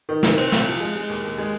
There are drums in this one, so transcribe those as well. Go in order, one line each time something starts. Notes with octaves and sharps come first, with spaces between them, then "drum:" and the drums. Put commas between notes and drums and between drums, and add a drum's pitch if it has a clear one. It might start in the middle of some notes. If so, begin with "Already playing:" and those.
D#3
C2, drum: snare
C4, drum: cymbal
C2, drum: snare
F3
G#3
G#3
D#2
D#2
G#3